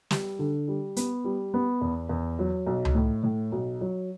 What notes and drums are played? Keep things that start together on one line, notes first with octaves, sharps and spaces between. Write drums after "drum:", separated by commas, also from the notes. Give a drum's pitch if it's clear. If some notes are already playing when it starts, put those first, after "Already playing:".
G3, drum: snare
D3
G3
B3, drum: hi-hat
G3
B3
E2
E2
F#3
B1
drum: tom C#2
A2
A2
B1
F#3